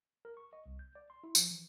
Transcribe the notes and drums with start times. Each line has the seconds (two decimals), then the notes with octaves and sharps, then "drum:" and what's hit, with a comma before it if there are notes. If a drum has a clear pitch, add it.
0.25 A#4
0.37 C#6
0.53 D#5
0.66 C2
0.79 G6
0.95 D5
1.10 C6
1.24 E4
1.35 F3, drum: tambourine
1.51 E3